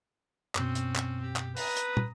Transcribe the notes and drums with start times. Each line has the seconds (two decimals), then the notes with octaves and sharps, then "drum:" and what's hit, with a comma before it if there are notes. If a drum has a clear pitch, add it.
0.55 F#2 B2 C4 C#4, drum: clap
0.75 drum: hi-hat
0.96 drum: clap
1.22 G4
1.36 drum: clap
1.57 B4 A#5 D#6, drum: open hi-hat
1.77 drum: hi-hat
1.97 drum: tom